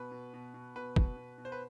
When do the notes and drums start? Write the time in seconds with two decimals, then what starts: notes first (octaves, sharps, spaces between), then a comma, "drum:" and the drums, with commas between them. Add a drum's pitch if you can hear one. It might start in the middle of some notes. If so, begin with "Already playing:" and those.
Already playing: B2 B4
0.12 B2
0.34 B2
0.54 B2
0.76 B2 B4
0.96 B2, drum: kick
1.17 B2
1.38 B2
1.45 C5
1.52 B4